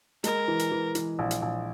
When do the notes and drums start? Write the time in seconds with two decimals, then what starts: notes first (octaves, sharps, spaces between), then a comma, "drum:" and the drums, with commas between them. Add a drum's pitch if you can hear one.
0.24 G#3 A#4, drum: hi-hat
0.48 E3
0.59 drum: hi-hat
0.71 E3
0.95 E3, drum: hi-hat
1.19 A#1
1.31 drum: hi-hat
1.42 A#1